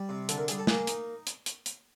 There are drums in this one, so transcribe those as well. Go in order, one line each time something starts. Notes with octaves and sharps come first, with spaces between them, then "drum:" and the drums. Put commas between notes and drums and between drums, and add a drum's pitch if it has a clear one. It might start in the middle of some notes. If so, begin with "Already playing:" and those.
Already playing: G3
C3
D3 A4, drum: hi-hat
A#4
G3 G#4, drum: hi-hat
A4
A#3 G#4, drum: snare
D#4, drum: hi-hat
drum: hi-hat
drum: hi-hat
drum: hi-hat